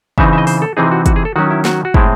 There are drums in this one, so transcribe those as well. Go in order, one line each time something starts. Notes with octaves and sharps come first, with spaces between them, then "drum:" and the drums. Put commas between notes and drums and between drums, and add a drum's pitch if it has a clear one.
C#3 E3 C4 D#4 E5, drum: kick
E5
D#5
C5, drum: open hi-hat
A4
C3 E3 C4 D#4 G#4
F#4
F#4, drum: kick, hi-hat
G#4
A4
D#3 F#3 C#4 F#4
E4
F#4, drum: snare
F#4
A2 G#3 C4 E4, drum: kick